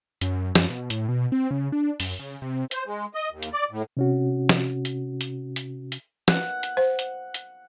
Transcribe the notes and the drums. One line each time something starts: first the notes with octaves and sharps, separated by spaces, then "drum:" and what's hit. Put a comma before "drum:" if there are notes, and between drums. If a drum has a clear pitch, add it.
F#2, drum: hi-hat
F#2, drum: snare
B2
A2, drum: hi-hat
B2
C4
C#3
D4
F#2, drum: open hi-hat
C#3
C3
C5, drum: hi-hat
G#3
D#5
D#2
drum: hi-hat
D5
A2
C3 C#4 F#4
drum: snare
drum: hi-hat
drum: hi-hat
drum: hi-hat
drum: hi-hat
F#5, drum: snare
drum: hi-hat
C5
drum: hi-hat
drum: hi-hat